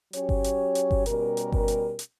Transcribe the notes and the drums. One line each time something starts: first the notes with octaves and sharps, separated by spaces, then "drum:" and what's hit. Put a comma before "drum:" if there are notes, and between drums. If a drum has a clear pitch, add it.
F#3 C#4 G4 C#5, drum: hi-hat
drum: kick G1
drum: hi-hat
drum: hi-hat
drum: kick G1
B2 G3 C#4 G4 A#4, drum: hi-hat
drum: hi-hat
drum: kick G1
drum: hi-hat
drum: hi-hat